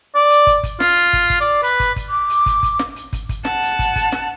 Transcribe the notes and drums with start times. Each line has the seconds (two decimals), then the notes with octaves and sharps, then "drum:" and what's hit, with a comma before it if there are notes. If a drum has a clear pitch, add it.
0.15 D5
0.30 drum: hi-hat
0.47 drum: kick, hi-hat
0.63 drum: kick, hi-hat
0.80 F4, drum: snare
0.97 drum: hi-hat
1.13 drum: kick, hi-hat
1.30 drum: kick, hi-hat
1.41 D5
1.63 B4, drum: hi-hat
1.80 drum: kick, hi-hat
1.96 drum: kick, hi-hat
2.09 D6
2.30 drum: hi-hat
2.46 drum: kick, hi-hat
2.63 drum: kick, hi-hat
2.79 drum: snare
2.96 drum: hi-hat
3.13 drum: kick, hi-hat
3.29 drum: kick, hi-hat
3.45 F#5 A5, drum: snare
3.62 drum: hi-hat
3.79 drum: kick, hi-hat
3.96 drum: kick, hi-hat
4.12 drum: snare